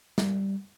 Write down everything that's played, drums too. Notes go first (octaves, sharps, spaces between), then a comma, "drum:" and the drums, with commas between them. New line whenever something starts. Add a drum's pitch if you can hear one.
G3, drum: snare